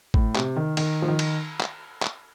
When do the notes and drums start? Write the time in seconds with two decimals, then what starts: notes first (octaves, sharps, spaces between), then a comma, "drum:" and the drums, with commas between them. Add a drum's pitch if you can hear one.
0.14 A2, drum: kick G#1
0.36 C3, drum: clap
0.56 D#3
0.77 D#3, drum: cymbal
1.02 F3
1.08 D#3
1.19 drum: cymbal
1.61 drum: clap
2.02 drum: clap